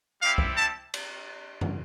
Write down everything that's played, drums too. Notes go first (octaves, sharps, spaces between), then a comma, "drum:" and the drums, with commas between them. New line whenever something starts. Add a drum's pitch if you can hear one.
G3 C4 E4 G4 F5
drum: kick
A5
drum: cymbal
drum: tom F2